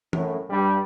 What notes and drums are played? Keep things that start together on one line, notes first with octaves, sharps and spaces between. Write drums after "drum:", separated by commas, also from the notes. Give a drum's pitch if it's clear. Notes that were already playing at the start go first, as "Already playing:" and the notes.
F#2 A2, drum: tom
G2 G3